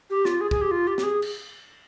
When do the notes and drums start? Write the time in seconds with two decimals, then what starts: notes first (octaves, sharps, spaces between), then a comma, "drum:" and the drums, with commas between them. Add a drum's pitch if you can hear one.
0.10 G4
0.25 F4, drum: snare
0.41 G#4
0.51 G#4, drum: kick
0.61 G4
0.71 F4
0.87 G4
0.98 G4, drum: snare
1.03 G#4
1.22 drum: cymbal